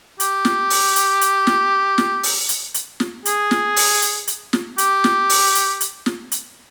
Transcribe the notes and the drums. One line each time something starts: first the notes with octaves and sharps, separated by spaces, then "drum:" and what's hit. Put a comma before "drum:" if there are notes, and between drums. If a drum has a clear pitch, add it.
G4, drum: hi-hat
drum: snare
drum: open hi-hat
drum: hi-hat
drum: hi-hat
drum: snare
drum: snare
drum: open hi-hat
drum: hi-hat
drum: hi-hat
drum: snare
G#4, drum: hi-hat
drum: snare
drum: open hi-hat
drum: hi-hat
drum: hi-hat
drum: snare
G4, drum: hi-hat
drum: snare
drum: open hi-hat
drum: hi-hat
drum: hi-hat
drum: snare
drum: hi-hat